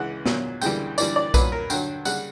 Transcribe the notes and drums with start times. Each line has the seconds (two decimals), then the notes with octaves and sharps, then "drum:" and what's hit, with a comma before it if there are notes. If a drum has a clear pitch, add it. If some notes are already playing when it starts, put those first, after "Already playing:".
Already playing: C#2 C#3 E3 F#5
0.26 A#2 F#3, drum: snare
0.61 D2 C#3 E3 G3 G5, drum: tambourine
0.98 G2 E3 G3 D5, drum: tambourine
1.16 D5
1.34 A#2 F#3 B4, drum: kick B1, tambourine
1.52 A#4
1.70 G2 D3 F#3 G5, drum: tambourine
2.05 C#3 G3 F#5, drum: tambourine